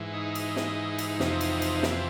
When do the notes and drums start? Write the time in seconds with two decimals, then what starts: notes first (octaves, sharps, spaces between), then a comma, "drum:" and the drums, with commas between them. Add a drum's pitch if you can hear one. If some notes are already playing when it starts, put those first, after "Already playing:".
Already playing: G#2 E3
0.14 D#4
0.35 drum: cymbal
0.56 drum: snare
0.98 drum: cymbal
1.20 F2 C3 E3, drum: snare
1.41 drum: cymbal
1.62 drum: cymbal
1.83 drum: snare